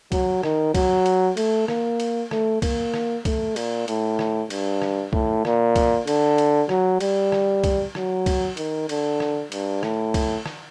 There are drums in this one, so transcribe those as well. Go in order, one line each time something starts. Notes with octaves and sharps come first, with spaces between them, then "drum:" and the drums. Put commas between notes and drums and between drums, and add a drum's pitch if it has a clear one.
F#3, drum: kick, cymbal
D#3, drum: rim click
F#3, drum: kick, cymbal
drum: cymbal
A3, drum: cymbal
A#3, drum: rim click
drum: cymbal
A3, drum: rim click
A#3, drum: kick, cymbal
drum: rim click
A3, drum: kick, cymbal
A#2, drum: cymbal
A2, drum: cymbal
drum: rim click
G2, drum: cymbal
drum: rim click
A2, drum: kick
A#2, drum: rim click
drum: kick, cymbal
D3, drum: cymbal
drum: cymbal
F#3, drum: rim click
G3, drum: cymbal
drum: rim click
drum: kick, cymbal
F#3, drum: rim click
drum: kick, cymbal
D#3, drum: cymbal
D3, drum: cymbal
drum: rim click
G2, drum: cymbal
A2, drum: rim click
drum: kick, cymbal
drum: rim click